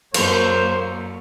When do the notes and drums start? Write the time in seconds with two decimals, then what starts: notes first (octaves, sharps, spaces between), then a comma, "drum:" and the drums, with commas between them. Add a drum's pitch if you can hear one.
0.14 F#2 A#3 C5, drum: cymbal